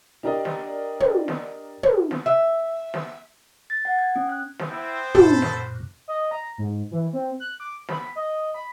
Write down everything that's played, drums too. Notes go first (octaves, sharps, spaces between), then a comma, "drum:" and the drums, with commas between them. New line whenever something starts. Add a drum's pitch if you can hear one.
D4 G4 A#4 D5 D#5
drum: snare
drum: tom
drum: snare
drum: tom
drum: snare
E5
drum: snare
A6
F#5
G#6
C#4
F#6
drum: snare
B3 C4 E4 C5
F#2 A#2 A4 B5, drum: tom
drum: snare
D#5
A#5
G#2
E3
C4
F#6
D6
B5, drum: snare
D#5
B5